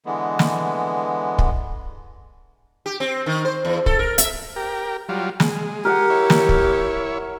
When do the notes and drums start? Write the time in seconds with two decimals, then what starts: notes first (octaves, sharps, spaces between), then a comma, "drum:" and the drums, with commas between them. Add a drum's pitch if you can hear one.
0.06 D3 E3 G#3 B3
0.39 drum: snare
1.38 drum: kick
2.86 G4
3.00 C4
3.26 D#3
3.45 C5
3.65 E2
3.86 A4, drum: kick
3.99 A#4
4.18 E5, drum: hi-hat
4.56 G4 A#4
5.09 F#3 G3 F4
5.40 G#3, drum: snare
5.85 G4 A#4 F#5
6.10 E4 C#5
6.30 drum: snare
6.49 drum: kick